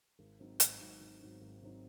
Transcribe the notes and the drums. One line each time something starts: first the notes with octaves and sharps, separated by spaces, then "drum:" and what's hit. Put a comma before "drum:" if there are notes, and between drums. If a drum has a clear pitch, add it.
G#1
G#2 F#3 C4 D#4
G#1, drum: hi-hat
G#2 F#3 C4 D#4
G#1
G#2 F#3 C4 D#4
G#1
G#2 F#3 C4 D#4